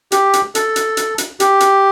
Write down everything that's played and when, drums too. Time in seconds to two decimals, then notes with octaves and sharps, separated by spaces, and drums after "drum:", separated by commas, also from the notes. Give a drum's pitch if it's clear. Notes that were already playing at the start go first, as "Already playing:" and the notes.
0.12 G4, drum: hi-hat
0.33 drum: hi-hat
0.55 A4, drum: hi-hat
0.76 drum: hi-hat
0.97 drum: hi-hat
1.18 drum: hi-hat
1.40 G4, drum: hi-hat
1.60 drum: hi-hat